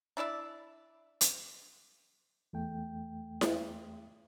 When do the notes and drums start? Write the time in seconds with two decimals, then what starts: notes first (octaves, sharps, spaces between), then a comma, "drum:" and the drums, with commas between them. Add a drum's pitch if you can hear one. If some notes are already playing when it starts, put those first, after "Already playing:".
0.17 D4 E4 D5 E5
1.21 drum: hi-hat
2.53 E2 A3 G5
3.41 drum: snare E4